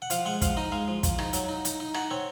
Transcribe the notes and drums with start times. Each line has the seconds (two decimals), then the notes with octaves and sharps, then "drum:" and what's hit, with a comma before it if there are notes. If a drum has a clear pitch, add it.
0.02 F#5
0.10 F3 F5, drum: hi-hat
0.26 G#3 F#5
0.41 F3 F5, drum: kick, hi-hat
0.57 D#4 D#5
0.72 G#3 F5
0.88 F3
1.03 F3, drum: kick, hi-hat
1.19 D#4, drum: rim click
1.33 F#3, drum: hi-hat
1.49 D#4
1.65 D#4, drum: hi-hat
1.80 D#4
1.94 D#4 F#5, drum: rim click
2.11 C4 C#5